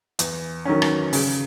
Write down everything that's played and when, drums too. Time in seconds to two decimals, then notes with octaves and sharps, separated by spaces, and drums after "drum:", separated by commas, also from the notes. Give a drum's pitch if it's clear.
0.19 E2, drum: hi-hat
0.65 D#3 F#3 C#4
0.82 drum: rim click
1.13 C#3, drum: open hi-hat